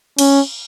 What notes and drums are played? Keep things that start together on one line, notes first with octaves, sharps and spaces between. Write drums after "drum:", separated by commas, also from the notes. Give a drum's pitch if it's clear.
C#4, drum: cymbal